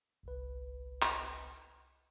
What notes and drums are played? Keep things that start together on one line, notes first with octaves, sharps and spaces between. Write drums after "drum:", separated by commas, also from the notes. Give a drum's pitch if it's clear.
G1 C2 B4
drum: clap